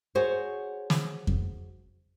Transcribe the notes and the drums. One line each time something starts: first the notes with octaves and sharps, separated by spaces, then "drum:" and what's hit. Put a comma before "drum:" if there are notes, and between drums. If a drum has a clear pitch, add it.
F#4 G#4 C5 C#5
drum: snare
drum: kick F2